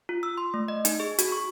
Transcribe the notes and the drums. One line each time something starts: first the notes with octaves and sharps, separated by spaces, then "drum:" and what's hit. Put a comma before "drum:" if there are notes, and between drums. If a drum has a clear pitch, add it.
F4
E6
C6
A3
D#5
D#4, drum: hi-hat
G#4
F#4, drum: hi-hat
C#6